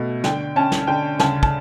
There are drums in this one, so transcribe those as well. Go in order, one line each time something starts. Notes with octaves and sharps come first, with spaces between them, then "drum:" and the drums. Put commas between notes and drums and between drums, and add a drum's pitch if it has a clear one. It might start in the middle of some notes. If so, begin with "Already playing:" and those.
Already playing: B2 A3
D3 G5, drum: snare
C#4 A5
drum: snare
D3 G5
C#3 A5, drum: snare
A5, drum: kick